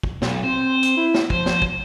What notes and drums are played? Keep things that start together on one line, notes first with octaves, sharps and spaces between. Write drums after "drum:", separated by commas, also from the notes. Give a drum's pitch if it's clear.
drum: kick
B1, drum: snare
C4 C5
drum: hi-hat
E4
drum: snare
F3 C5, drum: kick
drum: snare
drum: kick